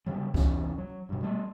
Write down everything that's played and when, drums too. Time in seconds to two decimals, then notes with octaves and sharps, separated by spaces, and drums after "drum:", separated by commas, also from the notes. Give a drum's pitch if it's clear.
0.06 C#3 F#3 G3
0.34 F1 E2 C#4, drum: kick C#2
0.78 F#3
1.09 G2 B2
1.23 G3 A3